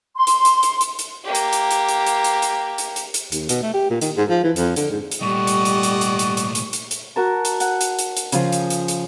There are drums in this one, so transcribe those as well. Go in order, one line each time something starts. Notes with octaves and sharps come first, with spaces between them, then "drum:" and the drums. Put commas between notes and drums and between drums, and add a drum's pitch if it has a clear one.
C6
drum: hi-hat
drum: hi-hat
drum: hi-hat
drum: hi-hat
drum: hi-hat
A#3 G4
drum: hi-hat
drum: hi-hat
drum: hi-hat
drum: hi-hat
drum: hi-hat
drum: hi-hat
drum: hi-hat
drum: hi-hat
drum: hi-hat
drum: hi-hat
D#2, drum: hi-hat
B2, drum: hi-hat
A3
G4
A#2
D#3, drum: hi-hat
G#2
F3
E3
F2, drum: hi-hat
D3, drum: hi-hat
G#2
drum: hi-hat
A#2 G3 A3 D5 D#5 F#5 C#6
drum: hi-hat
drum: hi-hat
drum: hi-hat
drum: hi-hat
drum: hi-hat
drum: hi-hat
drum: hi-hat
drum: hi-hat
drum: hi-hat
F#4 A#4 A5
drum: hi-hat
F#5, drum: hi-hat
drum: hi-hat
drum: hi-hat
drum: hi-hat
C#3 F3, drum: hi-hat
drum: hi-hat
drum: hi-hat
drum: hi-hat